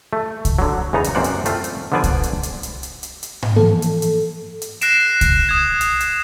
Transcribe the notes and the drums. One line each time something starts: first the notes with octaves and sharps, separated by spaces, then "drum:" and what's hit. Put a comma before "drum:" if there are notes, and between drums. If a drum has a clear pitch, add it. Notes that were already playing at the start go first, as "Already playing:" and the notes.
A3
drum: kick C2, hi-hat
D3 F#3
E2 C#3 B3 D#4 F#4 A#5
drum: hi-hat
F#2 C3 A#3 C5 D5 F#5
drum: hi-hat
A3 C4 F4, drum: hi-hat
drum: hi-hat
D3 F3 B3 C5 D5 G#5
drum: kick C2, hi-hat
drum: hi-hat
drum: hi-hat
drum: hi-hat
drum: hi-hat
drum: hi-hat
drum: hi-hat
drum: tom G#2
E3 F3 A#3 A4
drum: hi-hat
drum: hi-hat
drum: hi-hat
F#6 A#6 C7 D7 E7, drum: hi-hat
drum: kick C2, hi-hat
D#6 G#6 E7
drum: hi-hat
drum: hi-hat